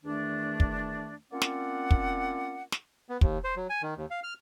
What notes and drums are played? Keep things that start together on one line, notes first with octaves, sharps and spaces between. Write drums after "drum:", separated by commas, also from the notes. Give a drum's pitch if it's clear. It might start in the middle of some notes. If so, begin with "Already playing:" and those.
E2 D#3 A3 D4
drum: kick
A#3 C4 C#4 F4 D5 F#5
drum: snare
drum: kick
drum: snare
B3
D#2, drum: kick
C5
F#3
G#5
D#3
D#2
F5
F6